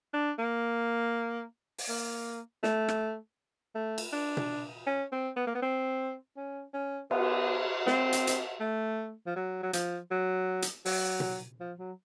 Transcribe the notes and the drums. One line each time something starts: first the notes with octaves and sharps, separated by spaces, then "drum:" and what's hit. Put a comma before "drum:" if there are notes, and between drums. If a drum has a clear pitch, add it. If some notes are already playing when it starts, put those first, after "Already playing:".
D4
A#3
drum: open hi-hat
A#3
A3, drum: snare
drum: rim click
A3
drum: cymbal
D4
drum: tom B2
C#4
C4
B3
A#3
B3
C4
C#4
C#4
B3, drum: cymbal
C4, drum: snare
drum: hi-hat
drum: hi-hat
A3
F3
F#3
F#3
F3, drum: hi-hat
F#3
drum: hi-hat
F#3, drum: open hi-hat
drum: tom B2
F3
F#3